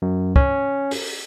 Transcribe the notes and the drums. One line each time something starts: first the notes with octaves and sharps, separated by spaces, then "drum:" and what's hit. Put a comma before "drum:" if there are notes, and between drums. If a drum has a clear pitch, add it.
F#2
C#4, drum: kick
drum: open hi-hat